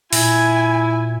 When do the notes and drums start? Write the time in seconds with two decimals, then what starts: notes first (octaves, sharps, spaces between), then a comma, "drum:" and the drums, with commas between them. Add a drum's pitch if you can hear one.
0.13 A#2 E4 G#5, drum: open hi-hat